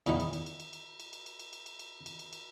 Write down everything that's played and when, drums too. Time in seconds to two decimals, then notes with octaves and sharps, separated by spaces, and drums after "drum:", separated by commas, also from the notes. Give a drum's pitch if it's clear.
0.06 E2 A#2 D#3 E3 B3, drum: cymbal
0.20 drum: cymbal
0.33 drum: cymbal
0.46 drum: cymbal
0.60 drum: cymbal
0.73 drum: cymbal
1.00 drum: cymbal
1.13 drum: cymbal
1.26 drum: cymbal
1.39 drum: cymbal
1.53 drum: cymbal
1.66 drum: cymbal
1.79 drum: cymbal
2.06 drum: cymbal
2.19 drum: cymbal
2.33 drum: cymbal